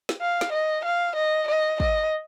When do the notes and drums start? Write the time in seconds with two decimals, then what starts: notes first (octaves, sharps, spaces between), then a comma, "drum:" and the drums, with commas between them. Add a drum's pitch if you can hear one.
0.09 drum: snare
0.20 F5
0.41 drum: snare
0.52 D#5
0.84 F5
1.15 D#5
1.47 D#5
1.80 D#5, drum: kick